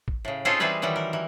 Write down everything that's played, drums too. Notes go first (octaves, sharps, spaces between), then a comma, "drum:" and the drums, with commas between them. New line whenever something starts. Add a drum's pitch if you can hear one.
drum: kick
A2 C#3
C4 C#4 D#4 F4 G#4 A4
E3 G3 C4 G#4 B4
D#3 E3 F#3 G3
A#4
E3